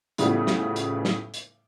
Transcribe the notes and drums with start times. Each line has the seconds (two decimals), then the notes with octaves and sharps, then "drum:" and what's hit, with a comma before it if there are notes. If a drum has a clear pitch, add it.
0.18 A2 C#3 E3 F3 G3 B3, drum: hi-hat
0.47 drum: snare
0.76 drum: hi-hat
1.05 drum: snare
1.34 drum: hi-hat